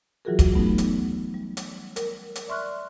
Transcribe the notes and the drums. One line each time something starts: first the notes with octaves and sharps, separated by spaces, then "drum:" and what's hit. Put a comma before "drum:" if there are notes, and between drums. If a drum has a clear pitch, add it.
E3 F#3 F4 F#4 G#4 A#4
drum: kick, hi-hat
F#3 A3 B3 D#4
drum: hi-hat
G3
drum: hi-hat
A#4, drum: hi-hat
drum: hi-hat
D5 E5 C6 C#6 F6 F#6